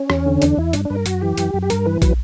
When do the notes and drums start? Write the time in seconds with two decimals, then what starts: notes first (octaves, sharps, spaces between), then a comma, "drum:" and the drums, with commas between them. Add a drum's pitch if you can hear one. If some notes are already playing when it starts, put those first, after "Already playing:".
Already playing: C#4
0.10 E2, drum: rim click
0.26 D3
0.42 E2 D4, drum: hi-hat
0.57 E2 E4
0.73 G2 D4, drum: hi-hat
0.85 G2 D4 B4
0.95 A#4
1.06 F#2 F#4, drum: hi-hat
1.21 E3 G4
1.37 F#2, drum: hi-hat
1.54 F#2
1.62 G4
1.70 G2 A#4, drum: hi-hat
1.86 E3 B4
2.02 F#3 B4, drum: kick, hi-hat